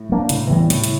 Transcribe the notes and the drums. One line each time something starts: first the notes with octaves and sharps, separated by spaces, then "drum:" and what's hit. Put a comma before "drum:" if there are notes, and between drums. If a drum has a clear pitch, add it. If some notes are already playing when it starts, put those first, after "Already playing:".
Already playing: A2
F#3 A#3 D4
A2 C#3, drum: hi-hat
E3 G3 B3
A2 C#3, drum: hi-hat
drum: hi-hat